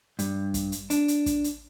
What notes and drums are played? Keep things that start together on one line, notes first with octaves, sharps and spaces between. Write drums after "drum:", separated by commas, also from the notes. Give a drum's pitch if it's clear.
G2, drum: hi-hat
drum: kick, hi-hat
drum: hi-hat
D4, drum: hi-hat
drum: hi-hat
drum: kick, hi-hat
drum: hi-hat